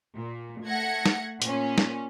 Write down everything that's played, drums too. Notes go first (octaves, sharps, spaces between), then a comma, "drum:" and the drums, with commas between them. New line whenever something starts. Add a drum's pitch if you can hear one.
A#2
A3 F#5 G#6 A#6 C#7
drum: snare
A#2 C#4, drum: hi-hat
drum: snare